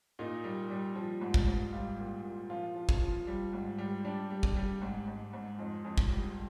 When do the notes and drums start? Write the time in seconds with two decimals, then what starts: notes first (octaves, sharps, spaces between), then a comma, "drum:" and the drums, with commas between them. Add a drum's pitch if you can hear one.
0.19 A#2 D#4
0.44 G3
0.70 G3
0.95 F3
1.21 G#2
1.34 drum: kick
1.47 G#2
1.73 G3 F4
1.99 A#2
2.24 A#2
2.50 F3 F4
2.75 F3
2.89 drum: kick
3.02 F3
3.27 G3
3.53 G#2
3.78 G3
4.04 G3 D4
4.30 G3
4.43 drum: kick
4.56 G3
4.82 G#2
5.08 G#2
5.33 G#2
5.59 F2 D#4
5.85 F2
5.98 drum: kick
6.10 G3